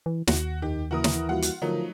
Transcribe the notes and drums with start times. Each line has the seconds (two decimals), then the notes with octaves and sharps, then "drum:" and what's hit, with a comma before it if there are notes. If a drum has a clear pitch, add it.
0.06 E3
0.27 D#2 F#4, drum: snare
0.62 F2 D#3 G4
0.91 C#3 E3 A#3 F#4 A#4 D#6
1.04 drum: snare
1.29 G3 A#3 F4 F#4 F#5
1.42 drum: hi-hat
1.62 D3 F3 F#3 A3 D#4 A#4